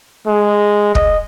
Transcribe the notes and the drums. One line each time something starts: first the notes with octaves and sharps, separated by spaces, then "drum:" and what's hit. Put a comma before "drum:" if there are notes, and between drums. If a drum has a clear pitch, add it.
G#3
D#5, drum: kick